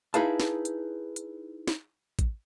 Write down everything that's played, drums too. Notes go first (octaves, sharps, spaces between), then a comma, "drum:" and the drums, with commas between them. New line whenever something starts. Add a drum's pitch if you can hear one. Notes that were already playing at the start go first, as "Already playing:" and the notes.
D#4 E4 G#4 B4 F5 A5, drum: hi-hat
drum: snare
drum: hi-hat
drum: hi-hat
drum: snare
drum: kick, hi-hat